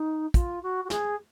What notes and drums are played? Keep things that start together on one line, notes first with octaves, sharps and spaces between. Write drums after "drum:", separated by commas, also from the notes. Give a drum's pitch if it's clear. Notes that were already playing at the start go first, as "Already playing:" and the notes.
Already playing: D#4
F4, drum: kick, hi-hat
F#4
F#4
G#4, drum: snare